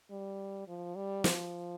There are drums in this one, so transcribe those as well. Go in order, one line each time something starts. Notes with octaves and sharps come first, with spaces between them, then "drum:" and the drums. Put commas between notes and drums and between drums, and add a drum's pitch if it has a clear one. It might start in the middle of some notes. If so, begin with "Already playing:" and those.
G3
F3
G3
F3, drum: snare